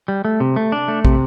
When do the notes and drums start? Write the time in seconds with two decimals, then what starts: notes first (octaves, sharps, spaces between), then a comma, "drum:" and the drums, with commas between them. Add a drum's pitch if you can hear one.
0.08 G3
0.25 A3
0.40 C3
0.56 A3
0.72 D4
0.88 A3
1.05 C3, drum: kick